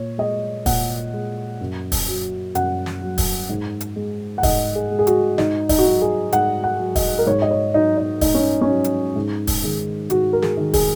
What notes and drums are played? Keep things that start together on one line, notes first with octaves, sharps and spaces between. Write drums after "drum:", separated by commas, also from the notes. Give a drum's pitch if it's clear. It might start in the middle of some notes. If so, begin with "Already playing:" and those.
Already playing: A#2 C#5
G#3 D#5
A#2 F#5, drum: kick, open hi-hat
G#3
F#2
drum: kick, open hi-hat
F#3
F#2 F#5, drum: hi-hat
drum: snare
F#3
drum: kick, open hi-hat
G#2
drum: hi-hat
G#3
F#5
G#2 D#5, drum: kick, open hi-hat
G#4
G#3
G#4
F#4, drum: hi-hat
G#2 D#4, drum: snare
D#4, drum: kick, open hi-hat
F#4
F#3 D#4
G#4
G#2 F#5, drum: hi-hat
F#5
F#3
D#5, drum: kick, open hi-hat
A#4
G#2 C#5
D#5
C#5
F#3 D#4
D#4
G#2 D#4, drum: kick, open hi-hat
C#4
C#4
F#3
drum: hi-hat
G#2
drum: kick, open hi-hat
D#3 G#3
G#2 F#4, drum: hi-hat
A#4
G#4, drum: snare
D#3 G#3
G#4, drum: kick, open hi-hat